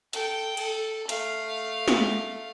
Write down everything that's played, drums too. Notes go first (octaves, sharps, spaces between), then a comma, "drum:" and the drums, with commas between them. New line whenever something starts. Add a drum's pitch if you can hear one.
A4 G5, drum: hi-hat
A4, drum: cymbal
A3 F5, drum: hi-hat
drum: snare